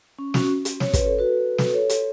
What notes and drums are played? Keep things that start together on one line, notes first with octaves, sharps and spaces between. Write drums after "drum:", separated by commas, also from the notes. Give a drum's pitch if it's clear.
C#4
C#4 F#4, drum: snare
drum: hi-hat
C#5, drum: snare
B4, drum: kick, hi-hat
A4
F#4 B4
drum: snare
A4 C#5
drum: hi-hat